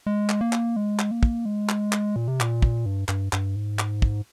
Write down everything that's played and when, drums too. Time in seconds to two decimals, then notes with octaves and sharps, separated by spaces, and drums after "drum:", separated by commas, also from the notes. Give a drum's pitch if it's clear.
0.07 G#3
0.29 drum: clap
0.41 A#3
0.53 drum: clap
0.76 G#3
0.99 drum: clap
1.11 A#3
1.23 drum: kick
1.45 G#3
1.69 drum: clap
1.93 drum: clap
2.16 A#2
2.28 C3
2.40 A#2, drum: clap
2.62 drum: kick
2.86 G2
3.08 G2, drum: clap
3.33 G2, drum: clap
3.56 G#2
3.79 drum: clap
4.02 drum: kick